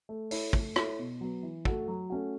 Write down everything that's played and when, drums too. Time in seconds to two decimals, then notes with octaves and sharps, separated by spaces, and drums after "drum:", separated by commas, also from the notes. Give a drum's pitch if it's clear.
0.09 A3
0.31 E4 A4 C#5, drum: open hi-hat
0.53 A3, drum: kick
0.76 E4 A4 C#5, drum: rim click
0.99 B2
1.21 F#3 B3
1.43 E3
1.65 A3 F#4 A4, drum: kick
1.88 F#3
2.10 A3 C#4 F#4